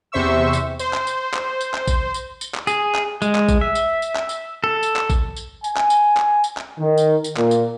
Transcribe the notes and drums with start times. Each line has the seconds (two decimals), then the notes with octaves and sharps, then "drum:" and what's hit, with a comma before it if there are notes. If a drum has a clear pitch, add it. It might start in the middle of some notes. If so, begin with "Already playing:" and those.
0.12 E2 C3 C5 E5 C#6 E6
0.53 drum: tambourine
0.79 C5, drum: tambourine
0.94 drum: clap
1.07 drum: tambourine
1.34 drum: clap
1.61 drum: tambourine
1.74 drum: clap
1.87 drum: kick A1, tambourine
2.14 drum: tambourine
2.41 drum: tambourine
2.55 drum: clap
2.67 G#4, drum: tambourine
2.95 drum: clap
3.22 G#3, drum: tambourine
3.35 drum: clap
3.49 drum: kick A1, tambourine
3.61 E5
3.75 drum: tambourine
4.02 drum: tambourine
4.16 drum: clap
4.29 drum: tambourine
4.64 A4
4.83 drum: tambourine
4.96 drum: clap
5.10 drum: kick A1, tambourine
5.36 drum: tambourine
5.64 G#5, drum: tambourine
5.77 drum: clap
5.90 drum: tambourine
6.17 drum: clap
6.44 drum: tambourine
6.57 drum: clap
6.79 D#3
6.98 drum: tambourine
7.24 drum: tambourine
7.37 A#2, drum: clap
7.51 drum: tambourine